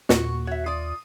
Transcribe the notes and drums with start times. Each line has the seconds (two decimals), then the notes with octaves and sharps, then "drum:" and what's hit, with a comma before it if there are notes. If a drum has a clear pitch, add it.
0.09 D#2 A#2 F#4 C#6, drum: snare
0.47 F#4 C#5 E5
0.66 F4 D5 D#6